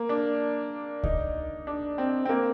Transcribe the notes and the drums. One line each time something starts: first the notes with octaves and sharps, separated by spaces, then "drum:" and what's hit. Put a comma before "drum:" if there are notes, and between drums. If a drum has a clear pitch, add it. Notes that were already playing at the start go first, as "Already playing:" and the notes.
Already playing: A#3
D4
D#4, drum: kick C#2
D4
C4
C4
A#3